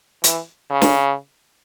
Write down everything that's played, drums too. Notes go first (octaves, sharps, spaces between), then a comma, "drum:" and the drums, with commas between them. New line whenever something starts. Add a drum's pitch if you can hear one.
E3, drum: hi-hat
C#3
drum: snare